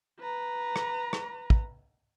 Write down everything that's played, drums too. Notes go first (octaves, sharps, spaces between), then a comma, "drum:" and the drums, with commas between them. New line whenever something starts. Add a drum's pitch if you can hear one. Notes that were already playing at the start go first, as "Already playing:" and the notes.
B4 A#5
drum: rim click
drum: rim click
drum: kick